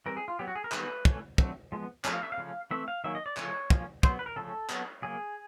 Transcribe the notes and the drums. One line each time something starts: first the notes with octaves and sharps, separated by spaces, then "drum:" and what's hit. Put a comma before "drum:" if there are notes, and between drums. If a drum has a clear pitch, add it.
E3 G3 C4 A#4
G#4
F4
F#3 B3 G4
F#4
G#4
A#4
D#3 G3 B3 B4, drum: clap
E3 A3 C#4, drum: kick
D3 F#3 A3 C4, drum: kick
F3 G#3 B3
F3 A3 C#4, drum: clap
F5
E5
F5
C#3 F3 A3 C#4
E3 A3 C4 E5
F5
D#3 F#3 A#3 C#4 E5
D#5
D5
C#3 F3 A3 C#4 C#5, drum: clap
F3 A#3 C#4, drum: kick
F#3 B3 C5, drum: kick
B4
A#4
C#3 F3 A3 C#4 A4
F#3 B3, drum: clap
C#3 F#3 A#3 G#4